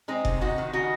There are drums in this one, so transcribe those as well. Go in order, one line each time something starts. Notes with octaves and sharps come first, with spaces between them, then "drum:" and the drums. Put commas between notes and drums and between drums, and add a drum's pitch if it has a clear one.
G#3 C4 D#4
C3, drum: kick F1
C3 D#4 F#4
D#3
C#3 D#4 F#4